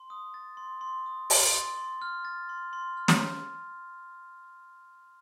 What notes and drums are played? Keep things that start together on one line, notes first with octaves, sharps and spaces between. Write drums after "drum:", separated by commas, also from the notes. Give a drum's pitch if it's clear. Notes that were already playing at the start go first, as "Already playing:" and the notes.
Already playing: C6
D#6
A6
C6
C6
D#6
A6, drum: open hi-hat
C6
C6
F6
A6
C6
C6
F6
drum: snare